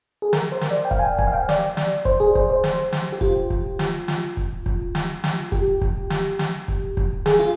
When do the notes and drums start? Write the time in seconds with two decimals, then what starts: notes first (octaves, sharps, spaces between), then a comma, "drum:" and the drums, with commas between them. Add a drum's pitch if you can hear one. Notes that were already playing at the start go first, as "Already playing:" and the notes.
0.22 G#4
0.33 A#4, drum: snare
0.52 C5
0.61 drum: snare
0.70 D5
0.85 G5
0.91 F5, drum: kick
0.99 G#5
1.04 G5
1.19 G#5, drum: kick
1.27 F5
1.33 G5
1.49 D5, drum: snare
1.77 drum: snare
2.05 C5, drum: kick
2.20 G#4
2.35 C5, drum: kick
2.50 C5
2.64 drum: snare
2.93 drum: snare
3.13 G4
3.21 F4, drum: kick
3.50 drum: kick
3.79 drum: snare
4.08 drum: snare
4.37 drum: kick
4.66 drum: kick
4.95 drum: snare
5.24 drum: snare
5.52 G4, drum: kick
5.81 drum: kick
6.10 drum: snare
6.39 drum: snare
6.68 drum: kick
6.97 drum: kick
7.26 G#4, drum: snare
7.39 F4